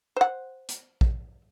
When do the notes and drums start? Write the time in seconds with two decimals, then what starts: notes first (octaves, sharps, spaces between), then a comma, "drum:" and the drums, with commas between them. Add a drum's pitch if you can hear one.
0.16 C5 F#5
0.69 drum: hi-hat
1.01 drum: kick